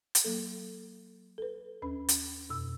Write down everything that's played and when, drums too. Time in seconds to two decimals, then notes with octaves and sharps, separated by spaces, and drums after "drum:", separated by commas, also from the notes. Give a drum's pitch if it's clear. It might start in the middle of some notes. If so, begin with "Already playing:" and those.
0.15 drum: hi-hat
0.24 F#3 A#3 A4
1.38 A4 B4
1.82 D#2 C#4 B4 B5
2.09 drum: hi-hat
2.49 F2 B2 E6